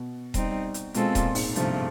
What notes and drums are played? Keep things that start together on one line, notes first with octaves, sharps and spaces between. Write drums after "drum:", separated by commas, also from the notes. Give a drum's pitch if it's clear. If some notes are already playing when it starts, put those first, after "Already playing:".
Already playing: B2
G3 C4 D#4, drum: kick D#1, hi-hat
drum: hi-hat
B2 G#3 C4 F4 A4, drum: hi-hat
A#2, drum: kick D#1, hi-hat
G#2, drum: open hi-hat
G2 C3 F3 A3, drum: hi-hat